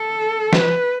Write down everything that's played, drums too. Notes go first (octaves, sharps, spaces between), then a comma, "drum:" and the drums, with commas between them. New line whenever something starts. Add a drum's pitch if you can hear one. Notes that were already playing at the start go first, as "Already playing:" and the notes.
Already playing: A4
B4, drum: snare